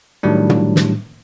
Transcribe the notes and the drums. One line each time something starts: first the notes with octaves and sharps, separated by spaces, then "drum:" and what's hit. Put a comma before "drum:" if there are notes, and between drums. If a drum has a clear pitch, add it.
A2 D#3 F#3 G3 D4
drum: tom
drum: snare